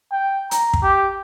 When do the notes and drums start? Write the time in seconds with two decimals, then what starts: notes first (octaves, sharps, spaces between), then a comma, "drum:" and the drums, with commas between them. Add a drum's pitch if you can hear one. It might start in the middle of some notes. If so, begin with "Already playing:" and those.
0.12 G5
0.51 A#5, drum: hi-hat
0.73 drum: kick
0.83 G4